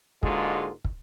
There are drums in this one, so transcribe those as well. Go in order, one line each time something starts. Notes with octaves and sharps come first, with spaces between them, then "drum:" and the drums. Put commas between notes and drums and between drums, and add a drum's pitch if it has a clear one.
G#2 D3 G#3 A#3 F4 F#4, drum: kick
drum: kick